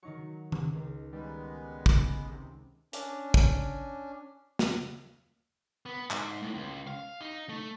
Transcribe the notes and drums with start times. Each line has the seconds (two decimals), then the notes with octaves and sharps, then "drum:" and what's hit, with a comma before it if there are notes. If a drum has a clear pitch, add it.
0.03 D#3 F#3 D#4 C#6
0.52 drum: tom D#3
0.73 C#2 D#3
1.12 D#3 G3 G#3 B3
1.86 drum: kick
2.28 C3 D#3
2.93 C#4 D4, drum: hi-hat
3.34 drum: kick
4.59 drum: snare
5.86 B3
6.11 G#2, drum: clap
6.42 A2
6.54 C#2
6.87 F5
7.21 D#4
7.49 A3